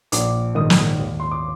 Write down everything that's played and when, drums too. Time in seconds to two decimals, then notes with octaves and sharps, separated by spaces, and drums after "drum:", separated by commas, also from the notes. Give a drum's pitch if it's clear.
0.12 A#1 D6, drum: hi-hat
0.55 G#2 D#3 D#6
0.70 drum: snare
0.99 D#2
1.20 C6
1.31 D6